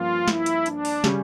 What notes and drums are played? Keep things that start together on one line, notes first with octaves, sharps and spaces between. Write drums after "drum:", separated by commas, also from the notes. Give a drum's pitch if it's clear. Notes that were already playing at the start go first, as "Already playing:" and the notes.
Already playing: G2 F3 A#3 C#4 F4
E4, drum: snare
drum: hi-hat
D4, drum: hi-hat
drum: open hi-hat
C#3 G3 C#4, drum: snare